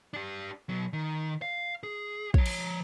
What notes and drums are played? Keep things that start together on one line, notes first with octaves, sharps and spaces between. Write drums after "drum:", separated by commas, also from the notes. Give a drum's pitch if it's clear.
D4 G4
B2 F#3
D#3
F5
G#4
F3 C#5, drum: kick
drum: cymbal